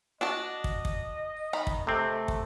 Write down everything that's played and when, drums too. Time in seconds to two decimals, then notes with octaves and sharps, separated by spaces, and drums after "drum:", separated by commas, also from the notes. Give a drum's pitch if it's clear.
0.21 D4 F#4 D#5 A5
0.64 drum: kick
0.85 drum: kick
1.53 D#3 A#5 B5
1.67 drum: kick
1.87 C3 A3 C4
2.28 drum: kick